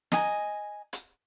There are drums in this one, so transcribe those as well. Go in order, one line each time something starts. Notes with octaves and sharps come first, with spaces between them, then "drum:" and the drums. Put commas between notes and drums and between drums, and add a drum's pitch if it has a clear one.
D#5 G#5 A#5, drum: snare
drum: hi-hat